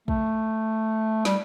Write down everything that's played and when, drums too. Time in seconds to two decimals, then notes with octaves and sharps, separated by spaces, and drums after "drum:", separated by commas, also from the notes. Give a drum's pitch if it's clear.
0.08 A3, drum: kick
1.25 G3, drum: snare